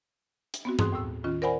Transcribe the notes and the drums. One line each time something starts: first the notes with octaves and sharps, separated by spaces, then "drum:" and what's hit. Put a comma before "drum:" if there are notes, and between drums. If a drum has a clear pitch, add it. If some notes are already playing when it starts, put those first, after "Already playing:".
drum: hi-hat
B3 C4 F#4
G#4 C6 D#6 F#6, drum: tom G2
D#2 A2 E6
D#3 C#4 F4
A#4 C5 D5 F#5 G#5 B5